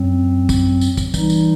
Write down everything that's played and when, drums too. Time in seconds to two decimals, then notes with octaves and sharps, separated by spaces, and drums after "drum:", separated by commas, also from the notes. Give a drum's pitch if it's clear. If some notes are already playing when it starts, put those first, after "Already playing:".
Already playing: F#2 F#3 C4
0.49 drum: kick, tambourine
0.81 drum: tambourine
0.97 drum: kick, tambourine
1.14 E3 G3 D#4, drum: kick, tambourine
1.30 drum: tambourine